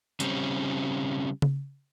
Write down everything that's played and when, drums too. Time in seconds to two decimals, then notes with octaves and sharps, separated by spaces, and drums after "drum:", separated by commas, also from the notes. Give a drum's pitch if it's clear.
0.20 C#3 G3 C4 C#4, drum: hi-hat
1.42 drum: tom C#3